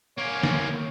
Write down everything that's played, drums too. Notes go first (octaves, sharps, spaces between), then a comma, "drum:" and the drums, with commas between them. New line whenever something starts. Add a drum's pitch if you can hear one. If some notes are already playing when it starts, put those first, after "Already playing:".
A#3 C#4 C#5
drum: snare